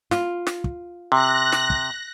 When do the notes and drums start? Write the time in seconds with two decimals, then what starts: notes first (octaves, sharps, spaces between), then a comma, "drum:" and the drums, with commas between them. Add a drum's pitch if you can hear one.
0.11 F4, drum: snare
0.47 drum: snare
0.64 drum: kick
1.12 C3 F#6 A#6
1.52 drum: snare
1.70 drum: kick